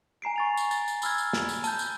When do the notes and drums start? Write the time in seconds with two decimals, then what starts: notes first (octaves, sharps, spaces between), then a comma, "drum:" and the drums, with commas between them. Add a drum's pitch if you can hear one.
0.22 G#5 A#5 C7 D7
0.36 C#6 A6 F7
0.57 drum: tambourine
0.71 A6, drum: tambourine
0.88 drum: tambourine
1.02 B5 E6 F6 G#6, drum: tambourine
1.18 drum: tambourine
1.33 drum: snare
1.49 drum: tambourine
1.64 A5 G6, drum: tambourine
1.79 drum: tambourine